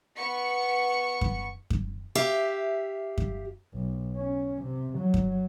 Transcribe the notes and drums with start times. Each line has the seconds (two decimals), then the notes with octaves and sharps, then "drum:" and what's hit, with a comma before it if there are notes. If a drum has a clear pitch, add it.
0.16 B3 C#6 C#7
1.21 drum: kick F#2
1.70 drum: kick F#2
2.15 G4 E5 F5
3.18 drum: kick F#2
3.74 B1
4.16 C#4
4.62 C3
4.98 F#3
5.14 drum: kick F#2